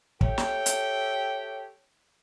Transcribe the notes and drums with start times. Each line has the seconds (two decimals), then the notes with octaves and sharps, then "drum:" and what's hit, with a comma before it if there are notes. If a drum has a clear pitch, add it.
0.21 G4 A4 C#5 E5 G5, drum: kick
0.38 drum: snare
0.66 drum: hi-hat